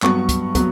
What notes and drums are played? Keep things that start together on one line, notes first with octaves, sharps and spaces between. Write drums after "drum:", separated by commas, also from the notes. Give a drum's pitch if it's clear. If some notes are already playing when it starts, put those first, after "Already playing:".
G2 F#3 B3 C#6, drum: clap
drum: kick, hi-hat
F#3 B3, drum: kick, hi-hat